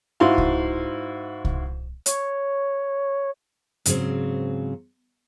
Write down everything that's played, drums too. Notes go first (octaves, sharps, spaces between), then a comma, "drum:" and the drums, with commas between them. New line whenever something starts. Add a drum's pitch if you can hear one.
G#2 E4 F#4 F5 C6
drum: kick C2
drum: kick C2
C#5, drum: hi-hat
G#2 C#3 F3 F#3 C4, drum: hi-hat